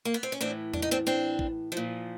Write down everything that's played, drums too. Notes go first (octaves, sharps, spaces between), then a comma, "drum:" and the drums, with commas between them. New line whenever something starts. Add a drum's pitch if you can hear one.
A#3
B3
C4
C#4
A2 E3 C4 D4
D4, drum: tom E2
D#4
C4 D4
C4 D4
drum: kick A1
A#2 F3